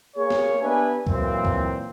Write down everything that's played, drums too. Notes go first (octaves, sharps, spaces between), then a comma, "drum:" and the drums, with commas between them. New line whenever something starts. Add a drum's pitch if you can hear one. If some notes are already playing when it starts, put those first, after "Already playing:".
A#3 G#4 C#5
drum: snare
B3 D4 G4 B4 E5 G#5
A#2 E3 F#3 A#3 C4, drum: kick C#2
drum: kick C#2